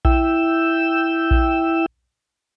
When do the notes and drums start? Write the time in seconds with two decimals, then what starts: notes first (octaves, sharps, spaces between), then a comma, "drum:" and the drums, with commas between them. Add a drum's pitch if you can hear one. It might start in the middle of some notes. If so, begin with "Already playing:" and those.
0.05 E4 G5 E6, drum: kick A#1
1.31 drum: kick A#1